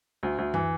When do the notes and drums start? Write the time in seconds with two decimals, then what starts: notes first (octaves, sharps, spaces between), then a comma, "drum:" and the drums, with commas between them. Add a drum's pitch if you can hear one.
0.23 D2
0.38 D2
0.54 E3, drum: tom F#2